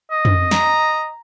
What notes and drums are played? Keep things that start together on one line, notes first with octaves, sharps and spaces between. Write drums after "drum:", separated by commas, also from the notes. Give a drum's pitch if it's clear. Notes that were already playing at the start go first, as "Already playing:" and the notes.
D#5
drum: tom F2
A#5, drum: snare